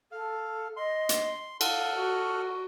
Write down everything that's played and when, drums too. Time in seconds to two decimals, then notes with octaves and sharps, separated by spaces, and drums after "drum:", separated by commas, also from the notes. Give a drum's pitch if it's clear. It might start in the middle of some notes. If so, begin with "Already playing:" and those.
0.12 A4 F5
0.77 D#5 C6
1.09 drum: hi-hat
1.61 A4 F5 F#5 F6, drum: cymbal
1.95 F#4